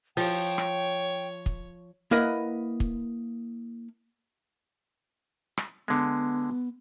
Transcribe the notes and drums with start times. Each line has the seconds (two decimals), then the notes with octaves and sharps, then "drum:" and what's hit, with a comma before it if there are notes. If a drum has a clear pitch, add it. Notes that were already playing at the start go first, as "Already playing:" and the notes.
0.17 F3 C#5 G5, drum: open hi-hat
0.58 drum: rim click
1.46 drum: kick
2.11 A#3 E4 A#4 B4 D#5 F#5
2.80 drum: kick
5.57 drum: rim click
5.88 D3 G#3 B3